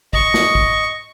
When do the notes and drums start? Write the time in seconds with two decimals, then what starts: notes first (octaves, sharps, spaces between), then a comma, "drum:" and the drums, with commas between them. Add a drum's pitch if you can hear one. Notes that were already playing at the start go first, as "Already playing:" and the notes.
0.13 D#5 C#6, drum: kick G#1
0.34 drum: snare
0.55 drum: kick G#1